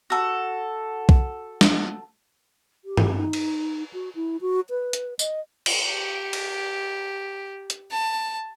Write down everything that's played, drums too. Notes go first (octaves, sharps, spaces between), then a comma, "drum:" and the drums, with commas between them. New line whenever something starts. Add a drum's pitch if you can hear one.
F#4 A4
drum: kick B1
drum: snare
G4
drum: tom G2
D#4
drum: cymbal
F#4
E4
F#4
B4
drum: hi-hat
D#5, drum: tambourine
drum: cymbal
G4
drum: cymbal
drum: hi-hat
A5